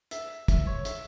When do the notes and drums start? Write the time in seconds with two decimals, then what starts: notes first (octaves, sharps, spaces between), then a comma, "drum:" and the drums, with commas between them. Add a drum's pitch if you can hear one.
0.11 E5, drum: hi-hat
0.48 E5, drum: kick, hi-hat
0.67 C#5
0.85 E5, drum: hi-hat